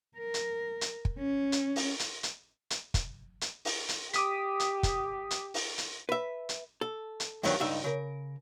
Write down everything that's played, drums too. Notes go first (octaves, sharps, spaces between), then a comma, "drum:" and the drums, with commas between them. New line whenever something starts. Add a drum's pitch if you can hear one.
A#4
drum: hi-hat
drum: hi-hat
drum: kick
C#4
drum: hi-hat
drum: open hi-hat
drum: hi-hat
drum: hi-hat
drum: hi-hat
drum: kick, hi-hat
drum: hi-hat
drum: open hi-hat
drum: hi-hat
G4 D6 D#6 B6, drum: hi-hat
drum: hi-hat
drum: kick, hi-hat
drum: hi-hat
drum: open hi-hat
drum: hi-hat
B4 E5
drum: hi-hat
A4
drum: hi-hat
E2 G2 D#3 F3 F#3, drum: open hi-hat
C#2 G2 D#4 E5
C#3 A#4